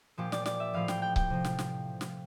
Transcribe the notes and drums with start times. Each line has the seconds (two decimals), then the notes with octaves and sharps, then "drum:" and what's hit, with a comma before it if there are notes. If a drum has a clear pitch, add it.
0.18 A#2 F3 G4
0.32 D5, drum: snare
0.46 D5, drum: snare
0.60 E5
0.74 A2 F3 F5
0.88 G5, drum: snare
1.02 G5
1.16 G5, drum: kick C#1
1.30 C3 F3
1.45 drum: snare
1.59 drum: snare
2.01 drum: snare